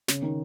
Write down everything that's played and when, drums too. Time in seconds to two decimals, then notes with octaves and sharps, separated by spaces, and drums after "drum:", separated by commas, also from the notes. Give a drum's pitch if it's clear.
0.08 C#3, drum: snare
0.22 D#3